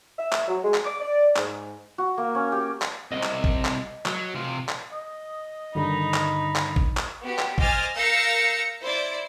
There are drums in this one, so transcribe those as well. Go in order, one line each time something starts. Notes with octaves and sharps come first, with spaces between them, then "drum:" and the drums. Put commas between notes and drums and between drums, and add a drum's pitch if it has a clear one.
E5
drum: clap
F#3
G#3
drum: clap
D6
D5
G#2, drum: clap
F#4
A#3
C#4
G4
drum: clap
C2 C3 D#5
drum: clap
drum: kick
drum: clap
F#3, drum: clap
C3 F4
drum: clap
D#5
G2 D3 D#3 D#4 B5
drum: clap
drum: clap
drum: kick
drum: clap
B3 F#4 G4
drum: clap
C5 D#5 G#5 D6 F6 A6, drum: kick
A#4 F5 E6 G6 A#6 C#7
E4 C5 D5